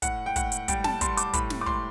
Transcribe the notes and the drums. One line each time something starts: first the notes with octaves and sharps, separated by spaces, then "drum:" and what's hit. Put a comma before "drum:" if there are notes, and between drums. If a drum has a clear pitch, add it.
A2 F#5, drum: kick, hi-hat
G5
A2 F#5, drum: kick, hi-hat
drum: hi-hat
G3 G5, drum: kick, hi-hat
A5, drum: snare
G3 C6, drum: kick, hi-hat
D6, drum: hi-hat
A2 B5, drum: kick, hi-hat
drum: snare
D6
A2 C6, drum: kick